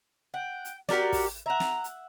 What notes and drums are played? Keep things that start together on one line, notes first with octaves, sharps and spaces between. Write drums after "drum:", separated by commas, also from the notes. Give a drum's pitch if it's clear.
F#5 G5
drum: hi-hat
F#4 G4 A#4 D5, drum: snare
drum: kick, open hi-hat
E5 F#5 A#5
drum: snare
drum: hi-hat